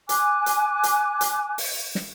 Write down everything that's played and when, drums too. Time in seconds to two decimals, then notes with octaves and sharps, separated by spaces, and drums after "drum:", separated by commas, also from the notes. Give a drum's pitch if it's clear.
0.09 G#5 D6 F#6, drum: hi-hat
0.46 drum: hi-hat
0.83 drum: hi-hat
1.21 drum: hi-hat
1.58 drum: open hi-hat
1.95 drum: snare